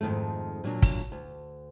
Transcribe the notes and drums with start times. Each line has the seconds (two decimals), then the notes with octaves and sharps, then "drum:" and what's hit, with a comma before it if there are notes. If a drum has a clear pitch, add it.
0.01 F2 G#2 D#3 F3 A3
0.64 A#2 F#3 A#3 D4
0.82 drum: kick, open hi-hat
1.12 D2